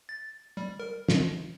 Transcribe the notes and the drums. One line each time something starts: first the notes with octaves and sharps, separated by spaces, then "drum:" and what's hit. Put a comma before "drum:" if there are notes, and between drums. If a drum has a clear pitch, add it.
A6
G3
A#4
drum: snare